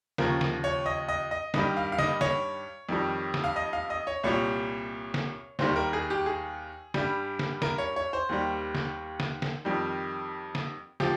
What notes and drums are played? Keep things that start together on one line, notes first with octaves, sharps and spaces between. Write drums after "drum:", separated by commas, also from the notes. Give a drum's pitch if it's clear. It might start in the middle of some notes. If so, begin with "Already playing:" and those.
D#2 C#3 F3 A#4, drum: snare
drum: snare
C#5
D#5
D#5
D#5
G2 D#3 G3 D#5, drum: snare
F5
F5
D#5, drum: snare
C#5, drum: snare
F2 D#3 G3
drum: snare
F5
D#5
F5
D#5
C#5
C2 A#2 G3 C#5
drum: snare
D#2 D#3 G3 C5, drum: snare
A#4
G#4
G4
G#4
G2 G3, drum: snare
drum: snare
A#4, drum: snare
C#5
C#5
C5
D#2 D#3 G3
drum: snare
drum: snare
drum: snare
F2 D#3 G3
drum: snare
F3 G4, drum: snare